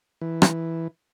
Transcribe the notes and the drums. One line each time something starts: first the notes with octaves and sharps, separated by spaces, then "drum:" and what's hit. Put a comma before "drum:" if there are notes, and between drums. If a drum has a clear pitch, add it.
E3
drum: rim click